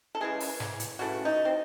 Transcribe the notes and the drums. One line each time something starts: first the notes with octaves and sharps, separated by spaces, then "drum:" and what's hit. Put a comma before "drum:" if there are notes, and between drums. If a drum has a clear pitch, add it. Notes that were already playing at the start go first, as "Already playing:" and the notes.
A4
C#3 E3 G#3 G#4
drum: open hi-hat
drum: snare
drum: hi-hat
C#3 E3 A3 F#4
D#4
C4